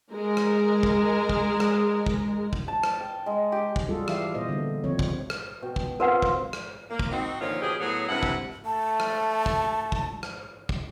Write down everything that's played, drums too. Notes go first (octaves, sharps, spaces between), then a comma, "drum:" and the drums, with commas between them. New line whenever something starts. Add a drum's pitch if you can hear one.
G#3 A#4
drum: rim click
drum: kick
drum: kick
drum: rim click
drum: kick
drum: kick
A5
drum: rim click
G5
G#3
G4
drum: kick
G3 F4 F#4 G#4 A4
E3 G4 E5 F5, drum: rim click
A#2 B3 C5 D#5
D3 G3
C#3 F3 C4 C#5
drum: kick
drum: rim click
B2 F#4 G5
drum: kick
C4 F4 A#4 B4 F#5
drum: kick
drum: rim click
A#3
drum: kick
C4 D#4 F#4
A#2 D3 D#3 F3 F4 C#5
B2 F3 G4 G#4
A2 F#3 B3 G#4 C#5
G2 C3 E4 E5 F#5
drum: kick
A3 A5
drum: rim click
drum: kick
drum: kick
drum: rim click
drum: kick